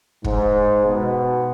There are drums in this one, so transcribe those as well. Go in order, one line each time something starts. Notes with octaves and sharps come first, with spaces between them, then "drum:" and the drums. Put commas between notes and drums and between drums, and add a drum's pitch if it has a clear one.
G#2, drum: kick
B2